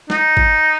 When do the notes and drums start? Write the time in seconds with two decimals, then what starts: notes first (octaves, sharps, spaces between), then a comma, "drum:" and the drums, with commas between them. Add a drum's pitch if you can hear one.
0.10 D#4, drum: snare
0.37 drum: kick G#1